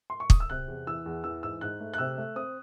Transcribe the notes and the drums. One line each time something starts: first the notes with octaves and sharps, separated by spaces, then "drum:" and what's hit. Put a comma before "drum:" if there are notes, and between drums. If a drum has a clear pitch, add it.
C6
C#6
D#6, drum: kick
E6
C3 F#6
E2
E3 E6
E2
E3 E6
G#2 E6
G#2 F#6
A3
F#6
C3 E6
A3
C4 D#6